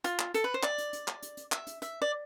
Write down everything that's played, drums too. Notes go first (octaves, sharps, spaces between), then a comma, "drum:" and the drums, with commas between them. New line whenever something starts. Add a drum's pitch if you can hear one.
F4, drum: hi-hat
drum: clap
A4, drum: hi-hat
B4
C5
D5, drum: clap
drum: hi-hat
drum: hi-hat
drum: clap
drum: hi-hat
drum: hi-hat
E5, drum: clap
drum: hi-hat
E5, drum: hi-hat
D5